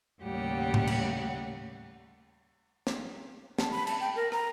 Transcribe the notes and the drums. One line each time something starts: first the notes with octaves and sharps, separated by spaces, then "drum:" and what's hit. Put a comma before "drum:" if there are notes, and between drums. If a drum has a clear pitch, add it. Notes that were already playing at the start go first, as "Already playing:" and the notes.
D#2 A2 C#3 G3 G4 F#5
drum: tom A2
drum: cymbal
drum: snare
A5, drum: snare
B5
A5, drum: cymbal
G5
A#4
A#5, drum: rim click